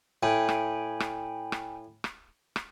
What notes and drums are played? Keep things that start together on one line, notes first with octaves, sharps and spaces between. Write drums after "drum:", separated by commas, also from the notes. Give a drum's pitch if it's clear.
A2 G5 G#5 B5
drum: rim click
drum: rim click
drum: rim click
drum: rim click
drum: rim click